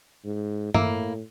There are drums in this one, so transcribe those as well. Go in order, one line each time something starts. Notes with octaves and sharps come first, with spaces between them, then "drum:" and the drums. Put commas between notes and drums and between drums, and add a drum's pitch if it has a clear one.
G#2
A2 A#3 E4, drum: tom G2